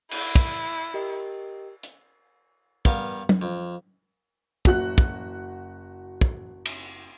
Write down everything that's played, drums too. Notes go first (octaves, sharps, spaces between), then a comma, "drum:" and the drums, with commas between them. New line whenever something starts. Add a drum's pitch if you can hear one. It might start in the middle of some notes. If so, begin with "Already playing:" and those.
E4, drum: cymbal
drum: kick
G4 A#4 D#5
drum: hi-hat
G2 B3 A#4 F5, drum: kick
drum: tom
F2
F#1 F#4 F#6, drum: kick
drum: kick
drum: kick
drum: cymbal